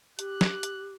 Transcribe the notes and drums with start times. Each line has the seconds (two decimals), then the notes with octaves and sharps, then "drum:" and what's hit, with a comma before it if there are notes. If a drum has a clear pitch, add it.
0.19 G4 F#6, drum: hi-hat
0.41 drum: snare
0.63 drum: hi-hat